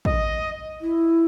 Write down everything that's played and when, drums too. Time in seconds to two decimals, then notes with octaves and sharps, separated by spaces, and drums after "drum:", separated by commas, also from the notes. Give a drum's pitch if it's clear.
0.05 D#5, drum: kick
0.81 E4